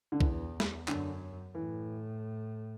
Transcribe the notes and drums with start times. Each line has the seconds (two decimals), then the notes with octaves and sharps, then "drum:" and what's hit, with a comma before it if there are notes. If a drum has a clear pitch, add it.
0.12 D3
0.21 E2 E3, drum: kick B1
0.60 drum: snare
0.88 F#2 D3, drum: clap
1.55 A2 E3